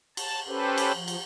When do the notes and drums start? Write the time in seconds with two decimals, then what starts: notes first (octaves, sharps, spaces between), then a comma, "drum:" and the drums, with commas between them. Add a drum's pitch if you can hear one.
0.17 A5, drum: cymbal
0.47 C#4 G4 A4 B4 C5
0.78 drum: cymbal
0.93 F3
1.08 drum: cymbal